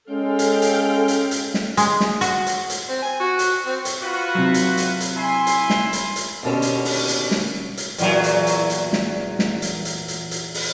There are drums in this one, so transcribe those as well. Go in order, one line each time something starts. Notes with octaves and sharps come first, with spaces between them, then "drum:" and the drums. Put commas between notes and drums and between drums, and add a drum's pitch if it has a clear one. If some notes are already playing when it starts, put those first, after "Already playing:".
G#3 C#4 A4 F5 G5
drum: hi-hat
drum: hi-hat
drum: hi-hat
drum: hi-hat
drum: snare
G#3, drum: hi-hat
drum: snare
F#4, drum: hi-hat
drum: hi-hat
drum: hi-hat
C4
G#5
F#4
drum: hi-hat
C4
drum: hi-hat
F4 F#4 B4
C3 F#3
drum: hi-hat
drum: hi-hat
drum: hi-hat
E4 G#5 C6
drum: hi-hat
drum: snare
drum: hi-hat
drum: hi-hat
D#2 B2 D3 C#4
drum: hi-hat
drum: open hi-hat
drum: hi-hat
drum: snare
drum: hi-hat
E2 A#2 F#3, drum: hi-hat
drum: hi-hat
drum: hi-hat
drum: hi-hat
drum: snare
drum: snare
drum: hi-hat
drum: hi-hat
drum: hi-hat
drum: hi-hat
drum: open hi-hat